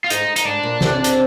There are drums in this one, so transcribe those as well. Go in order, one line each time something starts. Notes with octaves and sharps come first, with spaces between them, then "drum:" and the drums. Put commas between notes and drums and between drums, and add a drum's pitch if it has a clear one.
F4
G#2 D#4, drum: hi-hat
D#4, drum: hi-hat
G#2 D4
A#2
C3, drum: snare
drum: hi-hat